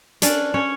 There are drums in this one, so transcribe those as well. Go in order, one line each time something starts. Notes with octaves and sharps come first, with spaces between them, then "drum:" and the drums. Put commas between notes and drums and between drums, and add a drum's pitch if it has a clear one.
C#4 D4 D5, drum: hi-hat
C#4 C#5